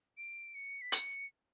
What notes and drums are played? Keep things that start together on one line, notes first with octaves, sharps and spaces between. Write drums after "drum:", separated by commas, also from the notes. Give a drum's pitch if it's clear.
D7
C#7
B6
C#7, drum: hi-hat